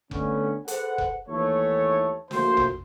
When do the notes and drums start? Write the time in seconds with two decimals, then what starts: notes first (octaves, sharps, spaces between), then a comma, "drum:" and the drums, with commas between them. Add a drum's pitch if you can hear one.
0.11 D3 A3 B3 C#4, drum: kick F1
0.68 G#4 A4 B4 C5 F#5, drum: hi-hat
0.98 drum: kick F1
1.28 D#2 E3 A3 C#5
2.31 A#1 A3 A#3 F#4 C5, drum: snare
2.57 drum: tom